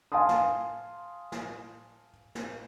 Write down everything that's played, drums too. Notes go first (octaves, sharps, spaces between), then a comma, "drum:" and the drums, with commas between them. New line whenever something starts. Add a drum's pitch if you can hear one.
F5 G#5 A5 C6 D#6
drum: snare
drum: snare
drum: snare